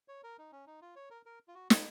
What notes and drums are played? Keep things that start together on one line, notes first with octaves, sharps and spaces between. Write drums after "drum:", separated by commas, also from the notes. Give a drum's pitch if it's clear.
C#5
A#4
D#4
C#4
D#4
F4
C#5
A#4
A#4
F4
F#4
F4, drum: snare